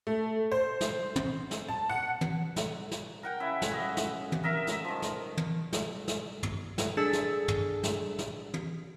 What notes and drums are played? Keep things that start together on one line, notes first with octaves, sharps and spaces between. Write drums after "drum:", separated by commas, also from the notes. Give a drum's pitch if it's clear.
A3
C5
drum: snare
drum: tom
drum: snare
A5
F#5
drum: tom
drum: snare
drum: snare
A#4 F#5 G5
C#3 E4 E5
drum: snare
F#4 D#5 E5
drum: snare
drum: tom
A#4 D#5 E5 A#5
drum: snare
D#3 F3
drum: snare
drum: tom
drum: snare
drum: snare
drum: tom
drum: snare
D4 G#4 A4 E6 A6
drum: snare
drum: tom
drum: snare
drum: snare
drum: tom